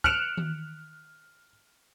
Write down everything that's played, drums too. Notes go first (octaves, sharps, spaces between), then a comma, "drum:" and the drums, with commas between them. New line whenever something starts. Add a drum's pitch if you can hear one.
F6 F#6 C#7 D7 E7 F7, drum: kick
drum: tom D#3